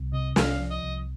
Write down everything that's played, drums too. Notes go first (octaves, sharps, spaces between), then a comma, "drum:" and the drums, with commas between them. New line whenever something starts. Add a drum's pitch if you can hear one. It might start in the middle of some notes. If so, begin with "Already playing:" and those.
Already playing: C2
C3 D#5
C2 F5, drum: snare
F3
D#5
C2